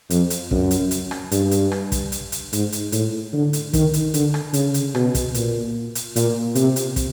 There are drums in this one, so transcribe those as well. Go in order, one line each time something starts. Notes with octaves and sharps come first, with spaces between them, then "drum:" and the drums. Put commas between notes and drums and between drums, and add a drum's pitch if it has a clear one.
F2, drum: hi-hat
drum: hi-hat
F#2, drum: kick
drum: hi-hat
drum: hi-hat
drum: rim click
G2, drum: hi-hat
drum: hi-hat
drum: rim click
drum: kick, hi-hat
drum: hi-hat
drum: hi-hat
G#2, drum: hi-hat
drum: hi-hat
A2, drum: hi-hat
D3
drum: hi-hat
D#3, drum: kick, hi-hat
drum: hi-hat
D3, drum: hi-hat
drum: rim click
C#3, drum: hi-hat
drum: hi-hat
B2, drum: rim click
drum: kick, hi-hat
A#2, drum: hi-hat
drum: hi-hat
A#2, drum: hi-hat
C3, drum: hi-hat
drum: hi-hat
drum: kick, hi-hat